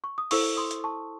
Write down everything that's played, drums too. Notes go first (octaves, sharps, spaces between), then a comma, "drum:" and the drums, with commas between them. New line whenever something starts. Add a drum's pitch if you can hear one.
C#6
D#6
E4 A4 C5 C#6 E6, drum: open hi-hat
C6 D#6
drum: hi-hat
A5 C#6